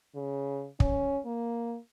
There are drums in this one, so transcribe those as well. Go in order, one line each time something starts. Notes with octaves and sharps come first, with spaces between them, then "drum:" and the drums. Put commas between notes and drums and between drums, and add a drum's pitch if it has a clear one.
C#3
C#4, drum: kick
A#3